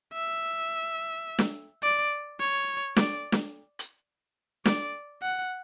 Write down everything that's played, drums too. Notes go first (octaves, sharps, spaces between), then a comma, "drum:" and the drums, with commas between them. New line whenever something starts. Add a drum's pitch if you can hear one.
E5
drum: snare
D5
C#5
D5, drum: snare
drum: snare
drum: hi-hat
D5, drum: snare
F#5